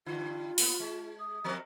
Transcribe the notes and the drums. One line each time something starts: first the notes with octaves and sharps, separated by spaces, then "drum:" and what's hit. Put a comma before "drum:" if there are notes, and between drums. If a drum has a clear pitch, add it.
G2 D3 F4
A#3 B3, drum: open hi-hat
G#3
D#6
F3 C4 A#4